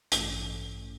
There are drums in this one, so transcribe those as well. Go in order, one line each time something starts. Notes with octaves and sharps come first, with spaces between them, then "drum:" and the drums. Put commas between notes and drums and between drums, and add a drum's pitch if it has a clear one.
A1 G2 E3 A3 C#4, drum: hi-hat